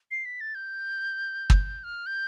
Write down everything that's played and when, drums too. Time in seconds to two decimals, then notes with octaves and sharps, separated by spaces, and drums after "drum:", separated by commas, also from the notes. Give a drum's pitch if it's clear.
0.11 C7
0.25 B6
0.41 A6
0.55 G6
1.50 drum: kick
1.84 F6
2.06 G6